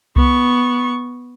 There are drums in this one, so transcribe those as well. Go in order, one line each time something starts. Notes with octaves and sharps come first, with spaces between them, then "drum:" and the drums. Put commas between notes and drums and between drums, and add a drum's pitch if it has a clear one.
B3 C#6, drum: kick C2